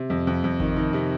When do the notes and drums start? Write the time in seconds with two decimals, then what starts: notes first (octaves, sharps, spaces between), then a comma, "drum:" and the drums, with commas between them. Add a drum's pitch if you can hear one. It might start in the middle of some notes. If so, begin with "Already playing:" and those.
Already playing: C3
0.10 F2
0.27 F2
0.44 F2
0.60 D#3, drum: kick G#1
0.76 D#3
0.93 C3